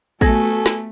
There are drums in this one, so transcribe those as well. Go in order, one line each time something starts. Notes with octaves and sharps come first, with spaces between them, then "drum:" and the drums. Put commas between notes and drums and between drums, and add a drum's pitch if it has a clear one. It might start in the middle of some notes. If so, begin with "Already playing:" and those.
A3 B3 F#4 A4 G#5 G#6 A#6, drum: kick A1, tambourine
drum: tambourine
drum: snare